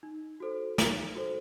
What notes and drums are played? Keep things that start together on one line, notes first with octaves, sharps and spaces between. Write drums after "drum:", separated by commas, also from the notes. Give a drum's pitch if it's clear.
D#4
F#4 A4 C5
D#4, drum: snare
F#4 A4 C5